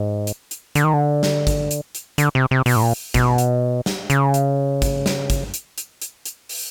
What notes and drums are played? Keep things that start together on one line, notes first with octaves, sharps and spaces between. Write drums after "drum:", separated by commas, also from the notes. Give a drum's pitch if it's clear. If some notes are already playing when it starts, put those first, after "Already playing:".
Already playing: G#2
drum: hi-hat
drum: hi-hat
D3, drum: hi-hat
D#3
D3
drum: snare
drum: kick, hi-hat
drum: hi-hat
drum: hi-hat
D3, drum: hi-hat
C3
C3
B2, drum: open hi-hat
A2
A#2
B2, drum: kick, hi-hat
drum: hi-hat
drum: snare
C#3, drum: hi-hat
drum: hi-hat
drum: kick, hi-hat
drum: snare
drum: kick, hi-hat
drum: hi-hat
drum: hi-hat
drum: hi-hat
drum: hi-hat
drum: open hi-hat